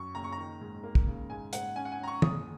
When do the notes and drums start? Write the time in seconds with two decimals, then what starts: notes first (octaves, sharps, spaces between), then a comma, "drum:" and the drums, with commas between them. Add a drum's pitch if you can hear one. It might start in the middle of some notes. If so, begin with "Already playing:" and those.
Already playing: F#2 C#6
0.15 F#1 A#5
0.24 C#6
0.32 A#5
0.38 D#3
0.61 G#2
0.83 A#3
0.95 drum: kick
1.06 C#3
1.30 G#2 G#5
1.53 G#2 F#5, drum: hi-hat
1.76 C#4 G#5
1.85 F#5
1.92 G#5
2.00 C#4 A#5
2.08 C#6
2.22 F#1 D#6, drum: tom